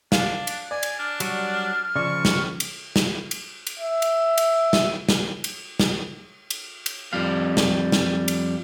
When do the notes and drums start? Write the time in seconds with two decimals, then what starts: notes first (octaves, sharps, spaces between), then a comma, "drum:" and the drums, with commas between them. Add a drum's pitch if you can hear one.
0.12 D4 F5, drum: snare
0.47 drum: cymbal
0.71 D5 G#5
0.83 drum: cymbal
0.99 D4 F6
1.20 F#3 G3 F#4, drum: cymbal
1.96 C#3 F3 D5 C#6
2.25 drum: snare
2.60 drum: cymbal
2.96 drum: snare
3.31 drum: cymbal
3.67 drum: cymbal
3.80 E5
4.02 drum: cymbal
4.38 drum: cymbal
4.73 drum: snare
5.09 drum: snare
5.44 drum: cymbal
5.80 drum: snare
6.50 drum: cymbal
6.86 drum: cymbal
7.13 F2 G3 F5
7.57 drum: snare
7.92 drum: snare
8.28 drum: cymbal